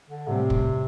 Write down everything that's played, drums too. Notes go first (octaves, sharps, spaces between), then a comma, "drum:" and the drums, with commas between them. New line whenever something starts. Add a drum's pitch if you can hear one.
D3
A2 C3 G3 C4
drum: kick